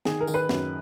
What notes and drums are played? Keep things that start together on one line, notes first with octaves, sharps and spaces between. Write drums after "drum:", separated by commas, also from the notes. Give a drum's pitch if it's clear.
D#3 G#4, drum: snare
A#4
D#3, drum: tambourine
B4
F#2, drum: snare